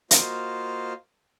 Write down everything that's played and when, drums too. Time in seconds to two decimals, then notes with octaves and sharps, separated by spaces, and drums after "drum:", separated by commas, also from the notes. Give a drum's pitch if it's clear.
0.11 A#3 F4 F#4 C5 D#5 F5, drum: hi-hat